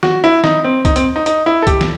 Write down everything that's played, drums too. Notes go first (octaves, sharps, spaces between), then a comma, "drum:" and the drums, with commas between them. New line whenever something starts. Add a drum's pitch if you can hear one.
F#4, drum: snare
E4
D#4, drum: snare
C4
D#4, drum: kick, hi-hat
C4, drum: hi-hat
D#4
D#4, drum: hi-hat
E4
A4
G4, drum: kick, hi-hat
drum: snare